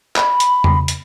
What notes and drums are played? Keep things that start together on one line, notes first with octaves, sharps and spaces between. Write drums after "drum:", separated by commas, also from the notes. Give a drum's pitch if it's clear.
B5, drum: clap
drum: hi-hat
drum: tom E2
drum: hi-hat